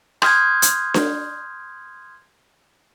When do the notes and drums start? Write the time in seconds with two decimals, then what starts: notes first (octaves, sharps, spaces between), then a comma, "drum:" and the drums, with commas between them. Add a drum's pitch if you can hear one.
0.22 C6 D#6 F6 G6 G#6, drum: rim click
0.62 drum: hi-hat
0.94 drum: snare D4